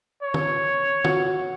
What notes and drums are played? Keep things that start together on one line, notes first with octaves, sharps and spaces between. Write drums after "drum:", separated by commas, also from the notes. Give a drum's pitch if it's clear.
C#5
drum: tom
F#4, drum: tom